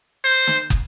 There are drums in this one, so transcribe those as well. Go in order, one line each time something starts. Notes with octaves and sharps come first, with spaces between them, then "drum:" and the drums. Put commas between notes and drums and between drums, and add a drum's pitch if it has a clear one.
C5
drum: snare
drum: kick